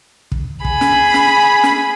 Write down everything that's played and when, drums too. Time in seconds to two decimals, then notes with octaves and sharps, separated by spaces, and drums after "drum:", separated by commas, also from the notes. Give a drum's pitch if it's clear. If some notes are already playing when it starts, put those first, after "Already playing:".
0.32 drum: kick
0.65 G#4 B5, drum: kick
0.81 drum: snare
1.14 drum: snare
1.63 drum: snare